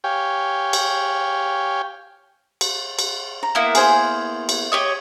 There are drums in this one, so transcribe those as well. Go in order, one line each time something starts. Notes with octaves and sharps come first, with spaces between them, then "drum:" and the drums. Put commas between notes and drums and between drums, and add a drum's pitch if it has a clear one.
G4 C#5 F5 G5 G#5
drum: cymbal
drum: cymbal
drum: cymbal
A#5
A#3 B3 E4
G#4 C5 G#5, drum: cymbal
drum: cymbal
G4 C#5 D#5